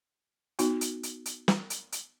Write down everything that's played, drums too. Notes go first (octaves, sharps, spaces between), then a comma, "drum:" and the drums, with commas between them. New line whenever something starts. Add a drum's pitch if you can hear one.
B3 D#4 F#4, drum: hi-hat
drum: hi-hat
drum: hi-hat
drum: hi-hat
drum: snare
drum: hi-hat
drum: hi-hat